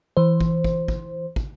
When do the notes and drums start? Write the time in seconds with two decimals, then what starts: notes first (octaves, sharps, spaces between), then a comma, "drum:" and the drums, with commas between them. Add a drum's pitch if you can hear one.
0.17 E3 C5
0.41 drum: kick
0.64 drum: kick
0.88 drum: kick
1.36 drum: kick